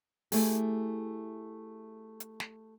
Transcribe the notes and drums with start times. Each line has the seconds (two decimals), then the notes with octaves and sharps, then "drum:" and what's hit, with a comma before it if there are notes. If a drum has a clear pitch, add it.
0.32 A3 E4 G4 G#4, drum: open hi-hat
2.20 drum: hi-hat
2.40 drum: snare